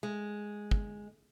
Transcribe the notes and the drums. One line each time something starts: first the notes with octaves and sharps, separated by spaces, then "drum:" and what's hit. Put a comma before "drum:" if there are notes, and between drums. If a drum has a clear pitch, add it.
G#3
drum: kick